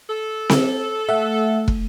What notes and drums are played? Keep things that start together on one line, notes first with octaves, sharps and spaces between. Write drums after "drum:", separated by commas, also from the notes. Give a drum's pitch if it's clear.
A4
drum: snare C4
A3 E5 F#5
drum: kick